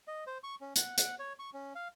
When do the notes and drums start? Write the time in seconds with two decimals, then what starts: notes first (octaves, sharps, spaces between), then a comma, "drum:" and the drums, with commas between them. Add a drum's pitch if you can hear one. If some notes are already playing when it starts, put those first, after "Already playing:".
0.08 D#5
0.27 C5
0.44 C#6
0.61 C#4
0.76 F#5, drum: hi-hat
0.98 F#5, drum: hi-hat
1.19 C#5
1.39 C#6
1.53 C#4
1.75 F5